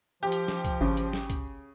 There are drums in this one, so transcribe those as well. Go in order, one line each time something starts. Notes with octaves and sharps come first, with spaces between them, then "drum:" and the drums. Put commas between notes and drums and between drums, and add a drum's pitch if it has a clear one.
F3 G4
drum: hi-hat
drum: snare
drum: kick C#2, hi-hat
G#1 C#3
drum: hi-hat
drum: snare
drum: kick C#2, hi-hat